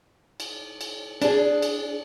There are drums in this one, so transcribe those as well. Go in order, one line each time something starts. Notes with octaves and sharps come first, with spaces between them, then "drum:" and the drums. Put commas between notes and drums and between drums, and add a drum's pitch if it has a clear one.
drum: cymbal
drum: cymbal
D4 G#4, drum: cymbal
drum: cymbal